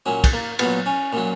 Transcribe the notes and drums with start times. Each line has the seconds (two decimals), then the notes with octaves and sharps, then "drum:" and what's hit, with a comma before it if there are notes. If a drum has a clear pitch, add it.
0.06 A#2 F#3 C#4
0.24 drum: kick, cymbal
0.33 A#3
0.59 A#2 F#3 B3, drum: cymbal
0.86 C#4
1.13 A#2 F#3